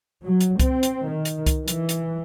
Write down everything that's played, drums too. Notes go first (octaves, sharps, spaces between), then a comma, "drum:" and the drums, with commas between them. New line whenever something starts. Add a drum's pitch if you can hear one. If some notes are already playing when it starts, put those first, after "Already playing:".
F#3
drum: hi-hat
C4, drum: kick C2, hi-hat
drum: hi-hat
D#3
drum: hi-hat
drum: kick C2, hi-hat
E3, drum: hi-hat
drum: hi-hat